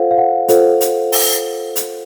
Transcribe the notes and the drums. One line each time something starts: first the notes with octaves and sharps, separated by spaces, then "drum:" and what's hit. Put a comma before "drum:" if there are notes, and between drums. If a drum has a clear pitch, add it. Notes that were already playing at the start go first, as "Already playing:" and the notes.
Already playing: F4 A4 C5 F5 F#5
F5
F#5
F4 A4 C5, drum: hi-hat
drum: hi-hat
drum: open hi-hat
drum: hi-hat